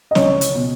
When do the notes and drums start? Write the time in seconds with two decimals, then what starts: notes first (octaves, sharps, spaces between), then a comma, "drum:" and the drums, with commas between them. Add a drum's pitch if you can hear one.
0.11 D#5
0.15 C#2 C#4 C#5, drum: snare
0.41 drum: hi-hat
0.54 B2